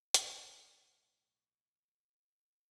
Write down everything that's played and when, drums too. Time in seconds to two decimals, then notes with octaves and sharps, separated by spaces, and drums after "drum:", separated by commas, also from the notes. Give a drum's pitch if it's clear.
0.14 B1 A2, drum: hi-hat